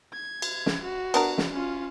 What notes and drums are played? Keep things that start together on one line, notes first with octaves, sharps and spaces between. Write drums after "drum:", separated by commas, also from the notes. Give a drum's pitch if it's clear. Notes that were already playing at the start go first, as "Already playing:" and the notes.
G#6
drum: cymbal
drum: snare
F#4
B3 D4 A#4, drum: cymbal
drum: snare
C#4 F4